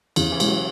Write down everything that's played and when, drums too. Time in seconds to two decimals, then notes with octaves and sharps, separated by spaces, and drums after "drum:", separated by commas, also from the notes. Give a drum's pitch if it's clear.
0.16 E2 C#3, drum: cymbal
0.32 E3
0.40 B2 G#3 C#4 E4, drum: cymbal
0.48 F#3